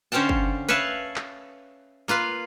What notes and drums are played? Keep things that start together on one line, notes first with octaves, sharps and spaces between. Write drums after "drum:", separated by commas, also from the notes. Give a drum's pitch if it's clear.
D3 C#4 C5 F5 G5 A5
drum: kick
B4 C#5 E5 F5 A5
drum: clap
A#3 F4 B4 F5